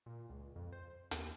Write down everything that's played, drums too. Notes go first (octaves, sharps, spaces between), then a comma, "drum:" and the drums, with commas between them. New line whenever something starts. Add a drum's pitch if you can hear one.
A#2
C#2
F2
C5
D#2, drum: hi-hat